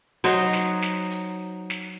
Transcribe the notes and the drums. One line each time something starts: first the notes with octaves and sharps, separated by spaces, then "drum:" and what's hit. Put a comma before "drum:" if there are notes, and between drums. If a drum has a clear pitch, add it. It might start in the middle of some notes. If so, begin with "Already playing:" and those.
F#3 D#4 C5, drum: hi-hat
drum: snare
drum: snare
drum: hi-hat
drum: snare